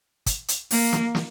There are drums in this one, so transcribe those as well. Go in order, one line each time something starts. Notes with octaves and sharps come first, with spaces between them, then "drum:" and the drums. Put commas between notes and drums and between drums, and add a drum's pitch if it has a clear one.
drum: kick, hi-hat
drum: hi-hat
A#3, drum: open hi-hat
drum: snare
drum: snare